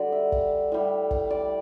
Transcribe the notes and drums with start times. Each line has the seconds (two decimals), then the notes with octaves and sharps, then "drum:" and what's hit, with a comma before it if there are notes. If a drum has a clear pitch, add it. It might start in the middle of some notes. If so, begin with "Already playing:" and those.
Already playing: D3 G3 F#4 D5
0.12 E5
0.32 drum: kick
0.72 A2 G3
1.11 drum: kick
1.30 D5